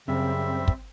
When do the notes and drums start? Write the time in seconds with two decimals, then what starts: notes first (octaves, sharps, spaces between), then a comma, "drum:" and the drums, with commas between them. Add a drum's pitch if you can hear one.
0.08 F#2 C#3 G3 C4 E5
0.68 drum: kick